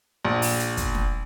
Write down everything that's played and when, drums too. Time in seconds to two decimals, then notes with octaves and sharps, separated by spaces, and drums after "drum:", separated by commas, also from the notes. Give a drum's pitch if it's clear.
0.25 A#1
0.42 drum: open hi-hat
0.60 drum: hi-hat
0.77 drum: kick, hi-hat
0.95 drum: snare